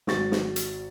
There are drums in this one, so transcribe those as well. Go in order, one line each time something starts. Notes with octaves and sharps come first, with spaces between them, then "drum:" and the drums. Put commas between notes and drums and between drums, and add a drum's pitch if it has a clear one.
G#1 F#4 C#6 A6, drum: snare
drum: snare
drum: hi-hat